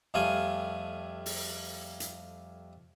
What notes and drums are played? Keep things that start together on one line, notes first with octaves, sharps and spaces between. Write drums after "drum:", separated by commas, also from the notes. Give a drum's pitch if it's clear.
F2 G3 A3 F4 G#5
drum: open hi-hat
drum: hi-hat